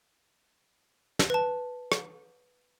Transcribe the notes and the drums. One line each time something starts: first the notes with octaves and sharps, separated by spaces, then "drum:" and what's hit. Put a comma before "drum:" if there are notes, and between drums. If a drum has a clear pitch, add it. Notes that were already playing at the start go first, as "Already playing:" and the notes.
drum: snare
B4 A5
drum: rim click